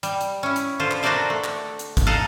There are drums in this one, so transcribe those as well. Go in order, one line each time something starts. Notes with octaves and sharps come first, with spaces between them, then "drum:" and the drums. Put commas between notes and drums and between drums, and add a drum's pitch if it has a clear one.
G3, drum: hi-hat
drum: hi-hat
C#4 E4
drum: hi-hat
D3 F4 C5
drum: clap
D4 F#4 A#4 C5 D5 E5
A3
drum: clap
drum: hi-hat
drum: kick G#1, hi-hat
A4 D#5 F5 F#5 A#5